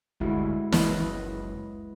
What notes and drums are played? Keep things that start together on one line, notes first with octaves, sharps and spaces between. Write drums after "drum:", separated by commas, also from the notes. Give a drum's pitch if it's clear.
G1 D2 G#3 E4 F#4
F#1 C#2 B4 D#5, drum: snare